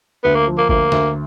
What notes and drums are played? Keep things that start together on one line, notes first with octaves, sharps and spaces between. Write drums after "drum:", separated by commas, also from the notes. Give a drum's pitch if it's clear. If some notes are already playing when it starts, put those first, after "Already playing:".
D2 B3
A#3
F3
A#3
D2 A#3, drum: kick
D2, drum: snare D3